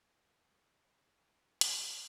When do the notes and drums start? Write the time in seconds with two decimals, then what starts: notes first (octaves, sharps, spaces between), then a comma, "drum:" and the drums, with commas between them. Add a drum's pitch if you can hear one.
0.07 C3 D5
0.29 D5
0.50 G3 C4 C5
0.72 C5
0.93 E2 A4
1.61 drum: hi-hat